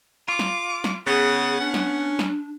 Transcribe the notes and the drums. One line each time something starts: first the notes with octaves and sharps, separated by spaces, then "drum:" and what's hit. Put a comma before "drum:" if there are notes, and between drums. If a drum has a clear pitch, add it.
F4 D6
drum: snare
drum: snare
C#3 B3 G#4 F#5
C#4 D4
drum: snare
drum: snare